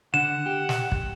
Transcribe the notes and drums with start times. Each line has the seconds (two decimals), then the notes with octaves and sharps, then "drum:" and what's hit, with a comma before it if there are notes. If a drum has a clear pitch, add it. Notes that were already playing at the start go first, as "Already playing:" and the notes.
0.14 D3 F#5 E7
0.46 G4
0.69 drum: snare
0.92 drum: kick